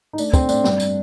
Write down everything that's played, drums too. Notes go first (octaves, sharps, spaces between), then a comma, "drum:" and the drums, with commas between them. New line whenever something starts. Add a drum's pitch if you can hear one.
D#4
A3 D4, drum: tambourine
A3 C4, drum: kick, tambourine
A2 D4, drum: tambourine
G2, drum: snare
drum: tambourine